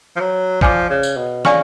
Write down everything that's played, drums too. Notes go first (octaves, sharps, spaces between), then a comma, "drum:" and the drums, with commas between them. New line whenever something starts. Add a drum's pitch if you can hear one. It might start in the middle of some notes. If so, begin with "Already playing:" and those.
F3
F#3
F3 D5 G#5 D6 F6, drum: kick A1
C#3
drum: tambourine
B2
C#3 D5 F5 G#5 C#6 F6, drum: snare